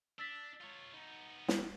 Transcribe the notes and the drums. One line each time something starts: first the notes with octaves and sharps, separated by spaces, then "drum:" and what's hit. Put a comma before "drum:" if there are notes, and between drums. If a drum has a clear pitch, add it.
D4 E6 A6 B6
F4 C#5
B3 D#4
drum: snare